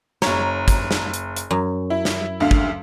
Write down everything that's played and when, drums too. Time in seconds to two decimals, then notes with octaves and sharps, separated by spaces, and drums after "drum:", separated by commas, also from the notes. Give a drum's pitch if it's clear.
0.22 F#1 C#5 A#5, drum: snare
0.68 drum: kick, hi-hat
0.91 drum: snare
1.14 drum: hi-hat
1.36 drum: hi-hat
1.51 F#2
1.90 E4
2.05 drum: snare
2.40 D2 D3 F5
2.51 drum: kick